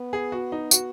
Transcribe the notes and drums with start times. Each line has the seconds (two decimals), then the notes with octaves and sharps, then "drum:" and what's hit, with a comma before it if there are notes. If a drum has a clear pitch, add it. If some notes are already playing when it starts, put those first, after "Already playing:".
Already playing: B3
0.13 G#4
0.32 F#4
0.52 D#4
0.71 F#4, drum: tambourine